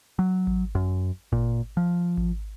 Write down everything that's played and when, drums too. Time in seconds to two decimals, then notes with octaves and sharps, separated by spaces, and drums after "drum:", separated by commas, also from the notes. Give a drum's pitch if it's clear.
0.19 F#3
0.47 drum: kick G#1
0.75 F#2
1.32 A#2, drum: kick G#1
1.77 F3
2.18 drum: kick G#1